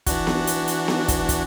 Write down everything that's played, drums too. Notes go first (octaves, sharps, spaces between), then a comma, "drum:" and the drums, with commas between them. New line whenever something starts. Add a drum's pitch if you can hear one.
E3 D4 F#4, drum: kick, hi-hat
drum: snare B3
drum: hi-hat
drum: hi-hat
drum: snare B3
drum: kick, hi-hat
drum: kick, hi-hat